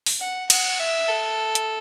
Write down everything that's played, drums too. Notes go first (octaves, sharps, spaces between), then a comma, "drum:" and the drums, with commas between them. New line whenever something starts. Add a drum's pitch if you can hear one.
drum: open hi-hat
F#5
F#5, drum: cymbal
E5
A4
drum: hi-hat